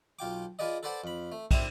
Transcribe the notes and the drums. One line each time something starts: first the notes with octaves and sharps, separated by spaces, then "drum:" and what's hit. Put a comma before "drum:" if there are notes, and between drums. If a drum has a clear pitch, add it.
B1 F4 G5 D6
F4 G#4 B4 D5 D#5
A4 B4 C5 D5 F#5 A5
F2 B5
A3
C3 G3 C4 E5 C6, drum: kick, cymbal